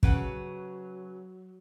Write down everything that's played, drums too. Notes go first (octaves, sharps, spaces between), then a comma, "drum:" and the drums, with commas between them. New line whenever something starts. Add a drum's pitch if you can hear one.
C#3 F#3 B4 F#5, drum: kick